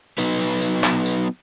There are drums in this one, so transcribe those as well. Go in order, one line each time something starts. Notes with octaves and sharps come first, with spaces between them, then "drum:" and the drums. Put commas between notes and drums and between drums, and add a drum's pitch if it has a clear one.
F#3 B3 D#4 B4, drum: tambourine
drum: tambourine
drum: tambourine
drum: clap
drum: tambourine